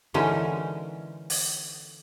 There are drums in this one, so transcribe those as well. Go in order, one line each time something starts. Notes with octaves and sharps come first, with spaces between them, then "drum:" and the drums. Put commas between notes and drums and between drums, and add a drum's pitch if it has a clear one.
D3 E3 G#3 C#4 D#4 A#4
drum: open hi-hat